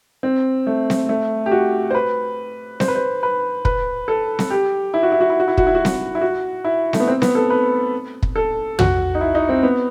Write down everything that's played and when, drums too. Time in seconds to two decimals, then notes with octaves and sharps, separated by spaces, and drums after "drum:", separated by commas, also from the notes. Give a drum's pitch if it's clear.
0.23 C4
0.67 A3
0.90 drum: snare C4
1.09 A3
1.46 G4
1.51 F#4
1.91 C5
1.95 B4
2.80 C5, drum: snare C4
2.88 B4
2.95 C5
3.23 B4
3.65 B4, drum: kick
4.08 A4
4.39 drum: snare C4
4.50 G4
4.94 E4
5.03 F#4
5.12 E4
5.21 F#4
5.30 E4
5.40 F#4
5.48 E4
5.57 F#4, drum: kick
5.67 E4
5.75 F#4
5.85 E4, drum: snare C4
6.15 E4
6.21 F#4
6.64 E4
6.93 A3, drum: snare C4
7.00 B3
7.08 C4
7.22 B3, drum: snare C4
7.35 A4
7.50 B4
8.23 drum: kick
8.36 A4
8.79 F#4, drum: tom
9.15 D#4
9.21 E4
9.35 D#4
9.49 C4
9.63 B3